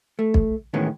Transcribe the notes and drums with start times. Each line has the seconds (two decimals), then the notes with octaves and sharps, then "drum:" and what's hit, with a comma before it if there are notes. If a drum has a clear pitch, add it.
0.19 A3
0.34 drum: kick
0.74 A2 D#3 E3 G#3 B3 C#4